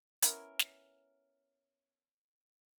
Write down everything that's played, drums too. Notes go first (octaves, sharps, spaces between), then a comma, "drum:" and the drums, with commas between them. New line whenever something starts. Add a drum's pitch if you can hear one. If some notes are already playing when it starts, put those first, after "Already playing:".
B3 C#4 E4 A#4, drum: hi-hat
drum: snare